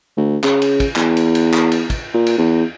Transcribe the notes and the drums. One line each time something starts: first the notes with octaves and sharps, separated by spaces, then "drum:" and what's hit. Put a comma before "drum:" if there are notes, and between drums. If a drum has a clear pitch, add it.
D2
C#3, drum: clap
drum: cymbal
drum: kick, cymbal
E2, drum: clap
drum: cymbal
drum: cymbal
drum: clap
drum: cymbal
drum: kick, cymbal
A#2
drum: cymbal
E2